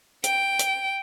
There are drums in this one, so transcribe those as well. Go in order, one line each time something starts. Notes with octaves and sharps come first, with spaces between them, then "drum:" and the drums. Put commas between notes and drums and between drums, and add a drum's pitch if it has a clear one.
G5, drum: hi-hat
drum: hi-hat